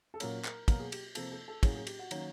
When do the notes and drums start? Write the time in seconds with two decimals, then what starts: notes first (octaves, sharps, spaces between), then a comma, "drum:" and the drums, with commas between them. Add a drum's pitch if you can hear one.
0.14 A4
0.20 A#2 F#3 A#3 C#4 A#4, drum: cymbal
0.45 A#4, drum: clap
0.68 B2 F#3 A#3 A#4, drum: kick, cymbal
0.79 G#4
0.92 G4, drum: cymbal
1.15 C3 F3 A#3 A4, drum: cymbal
1.31 A4
1.48 A4
1.63 A2 F#3 A#3 C#4 G#4, drum: kick, cymbal
1.75 G#4
1.87 G4, drum: cymbal
1.99 F#4
2.11 D#3 F#3 A#3 C#4, drum: cymbal